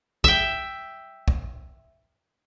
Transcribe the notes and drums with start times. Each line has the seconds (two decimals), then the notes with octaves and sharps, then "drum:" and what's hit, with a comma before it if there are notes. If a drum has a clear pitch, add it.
0.24 E5 G5, drum: kick
1.28 drum: kick